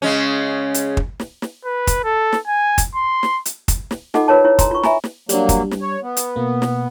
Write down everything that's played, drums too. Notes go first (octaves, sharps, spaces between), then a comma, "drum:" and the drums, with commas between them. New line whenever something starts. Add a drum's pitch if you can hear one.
C#3 G#3 C#4
drum: hi-hat
drum: kick
drum: snare
drum: snare
B4
drum: kick, hi-hat
A4
drum: snare
G#5
drum: kick, hi-hat
C6
drum: snare
drum: hi-hat
drum: kick, hi-hat
drum: snare
D#4 F4 A4 D#5 F#5 D6, drum: snare
F4 A#4 B4 C#5 A5
E4 C#5
A#5 C6, drum: kick, hi-hat
F4 C#6
E5 G#5 A#5 B5, drum: snare
drum: snare
F#3 G3 A#3 D4, drum: hi-hat
drum: kick, hi-hat
drum: snare
C#5
B3
drum: hi-hat
B2 A#3
drum: snare